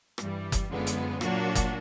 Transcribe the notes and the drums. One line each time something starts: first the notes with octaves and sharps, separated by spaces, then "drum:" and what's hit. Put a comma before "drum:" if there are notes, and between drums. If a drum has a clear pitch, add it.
G2 E3 G3, drum: rim click
drum: kick F#1, hi-hat
F#2 D3 F3 G#3 B3
drum: hi-hat
A#2 F#3 A#3 D4 F#4, drum: rim click
drum: kick F#1, hi-hat